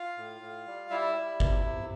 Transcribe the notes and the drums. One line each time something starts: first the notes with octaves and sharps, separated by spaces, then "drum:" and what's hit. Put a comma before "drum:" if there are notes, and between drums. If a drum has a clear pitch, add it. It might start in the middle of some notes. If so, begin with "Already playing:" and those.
Already playing: F4 F5
A2
A2
G3
G3 E4 E5
G3
C3, drum: kick G1
C3